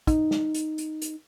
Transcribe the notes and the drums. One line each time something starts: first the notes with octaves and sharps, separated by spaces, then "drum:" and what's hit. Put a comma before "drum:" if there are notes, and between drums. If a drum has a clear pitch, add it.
D#4, drum: kick, hi-hat
drum: snare
drum: hi-hat
drum: hi-hat
drum: hi-hat